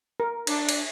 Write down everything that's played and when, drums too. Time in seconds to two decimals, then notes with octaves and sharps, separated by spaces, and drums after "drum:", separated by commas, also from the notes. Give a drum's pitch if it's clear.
0.20 A#4
0.47 D4, drum: cymbal
0.69 drum: cymbal